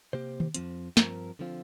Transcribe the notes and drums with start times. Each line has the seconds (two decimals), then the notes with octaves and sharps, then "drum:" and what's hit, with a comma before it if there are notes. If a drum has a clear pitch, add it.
0.13 C3 A#3 G4 C5
0.40 drum: tom
0.54 F2 F3 C4, drum: hi-hat
0.97 G2 F3 C4 A#4, drum: snare
1.39 D3 F3 C4 F4